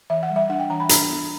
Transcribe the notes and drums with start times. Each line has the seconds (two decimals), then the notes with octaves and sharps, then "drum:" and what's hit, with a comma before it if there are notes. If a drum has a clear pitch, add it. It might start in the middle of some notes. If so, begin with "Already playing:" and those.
0.10 E3 E5
0.23 F#5
0.30 G3
0.36 E5
0.50 D4 F#5
0.60 G5
0.70 E3 A#5
0.80 B5
0.89 D4 A#5, drum: hi-hat
1.10 B3